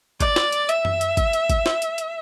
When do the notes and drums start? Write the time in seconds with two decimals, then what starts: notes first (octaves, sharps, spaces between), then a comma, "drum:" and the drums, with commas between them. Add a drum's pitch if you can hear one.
0.20 D5, drum: kick, hi-hat
0.36 drum: snare
0.52 drum: hi-hat
0.69 E5, drum: hi-hat
0.85 drum: tom F#2
1.01 drum: hi-hat
1.17 drum: kick, hi-hat
1.33 drum: hi-hat
1.50 drum: kick, hi-hat
1.66 drum: snare
1.82 drum: hi-hat
1.98 drum: hi-hat